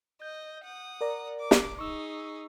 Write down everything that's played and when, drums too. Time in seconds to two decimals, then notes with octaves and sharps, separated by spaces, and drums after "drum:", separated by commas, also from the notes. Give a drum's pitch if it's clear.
0.22 D#5 G6
0.64 F#5 D#6
1.01 A#4 D5 A#5
1.40 D6
1.51 drum: snare
1.79 D#4 G#4 C#6 E6